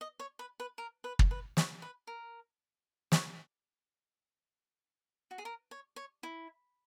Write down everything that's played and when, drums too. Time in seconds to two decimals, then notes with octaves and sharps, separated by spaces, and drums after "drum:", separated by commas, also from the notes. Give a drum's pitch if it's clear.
0.01 D#5
0.19 C#5
0.39 B4
0.60 B4
0.78 A#4
1.04 B4
1.19 drum: kick
1.31 B4
1.57 C#5, drum: snare
1.82 B4
2.07 A#4
3.12 C#5, drum: snare
5.31 F#4
5.38 G#4
5.45 A#4
5.71 C#5
5.96 C#5
6.23 E4